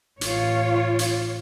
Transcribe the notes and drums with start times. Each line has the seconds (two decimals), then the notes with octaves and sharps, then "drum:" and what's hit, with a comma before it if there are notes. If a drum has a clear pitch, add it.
0.21 A1 F4 C#5, drum: hi-hat
0.99 drum: hi-hat